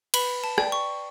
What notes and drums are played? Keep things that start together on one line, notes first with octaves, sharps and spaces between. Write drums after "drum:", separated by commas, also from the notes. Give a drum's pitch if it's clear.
B4 B5, drum: cymbal
A5
D5 G5, drum: rim click
C#6